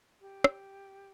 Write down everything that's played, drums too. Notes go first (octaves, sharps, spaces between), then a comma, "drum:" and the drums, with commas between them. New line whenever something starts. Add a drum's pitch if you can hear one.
G4
drum: rim click